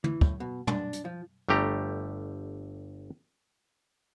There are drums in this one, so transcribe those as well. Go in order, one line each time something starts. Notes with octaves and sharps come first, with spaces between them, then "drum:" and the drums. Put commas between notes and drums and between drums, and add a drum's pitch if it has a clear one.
E3, drum: tom
A2, drum: kick
B2
D4, drum: tom
drum: hi-hat
F3
G1 G3 A3 G4 A#5